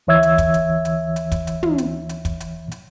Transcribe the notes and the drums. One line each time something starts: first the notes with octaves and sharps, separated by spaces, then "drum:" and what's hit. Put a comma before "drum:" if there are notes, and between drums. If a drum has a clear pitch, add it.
D2 E3 C#5 E5 E6 G#6
drum: hi-hat
drum: kick, hi-hat
drum: hi-hat
drum: hi-hat
drum: hi-hat
drum: kick, hi-hat
drum: hi-hat
drum: tom
drum: hi-hat
drum: hi-hat
drum: kick, hi-hat
drum: hi-hat
drum: hi-hat